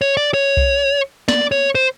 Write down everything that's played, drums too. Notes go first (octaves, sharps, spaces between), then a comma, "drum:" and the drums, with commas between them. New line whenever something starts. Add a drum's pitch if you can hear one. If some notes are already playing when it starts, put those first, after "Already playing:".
C#5
D5
C#5
drum: kick C2
D5, drum: snare
C#5
C5